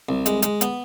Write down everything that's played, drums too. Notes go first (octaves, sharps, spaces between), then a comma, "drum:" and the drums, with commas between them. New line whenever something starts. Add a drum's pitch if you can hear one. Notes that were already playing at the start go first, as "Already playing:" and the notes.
C2
G#3, drum: hi-hat
G#3, drum: hi-hat
B3, drum: hi-hat